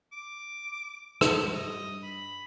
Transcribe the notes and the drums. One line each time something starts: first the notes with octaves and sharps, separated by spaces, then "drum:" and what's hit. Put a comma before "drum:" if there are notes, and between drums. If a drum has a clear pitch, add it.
D6
G2, drum: rim click
D#5
B5